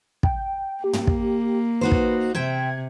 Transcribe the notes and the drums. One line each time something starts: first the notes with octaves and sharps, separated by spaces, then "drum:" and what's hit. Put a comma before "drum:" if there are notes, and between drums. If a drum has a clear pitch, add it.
G5, drum: kick
A#3 G4
drum: tom
drum: kick
D#4 F#4 B4 C5
drum: kick
C3 C5 E5 G5 G#6